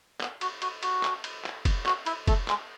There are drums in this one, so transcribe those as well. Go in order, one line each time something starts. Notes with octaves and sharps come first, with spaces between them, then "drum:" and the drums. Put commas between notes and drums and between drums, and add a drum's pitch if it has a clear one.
B3, drum: clap
F#4, drum: cymbal
F#4, drum: cymbal
F#4, drum: cymbal
drum: clap
drum: cymbal
drum: clap
drum: kick, cymbal
F#4, drum: clap
E4, drum: cymbal
A3, drum: kick, cymbal
G#3, drum: clap